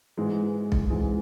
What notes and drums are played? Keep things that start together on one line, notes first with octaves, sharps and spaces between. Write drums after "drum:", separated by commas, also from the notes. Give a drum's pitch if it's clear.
G#2 E3 G#3
drum: kick B1
G#2 E3 G#3